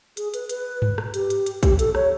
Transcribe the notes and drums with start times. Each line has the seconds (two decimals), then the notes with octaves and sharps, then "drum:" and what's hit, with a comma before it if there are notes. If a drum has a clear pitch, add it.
0.17 G#4, drum: hi-hat
0.34 B4, drum: hi-hat
0.49 B4, drum: hi-hat
0.82 drum: tom G2
0.98 drum: rim click
1.14 G4, drum: hi-hat
1.30 drum: hi-hat
1.46 drum: hi-hat
1.63 G4, drum: kick, hi-hat
1.79 A4, drum: hi-hat
1.95 C#5, drum: rim click